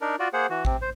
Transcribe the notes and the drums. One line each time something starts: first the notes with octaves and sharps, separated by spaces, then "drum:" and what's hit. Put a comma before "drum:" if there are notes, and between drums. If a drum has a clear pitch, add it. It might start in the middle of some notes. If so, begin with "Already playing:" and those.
D4 D#4 A#4
F4 F#4 D5
A#3 G#4 C5 F#5
E3 F#4
C3 C4, drum: kick A1
C5